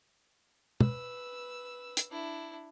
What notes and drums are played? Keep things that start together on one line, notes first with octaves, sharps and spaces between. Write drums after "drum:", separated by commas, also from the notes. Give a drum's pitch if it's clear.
B4 E6, drum: tom
drum: hi-hat
D4 E4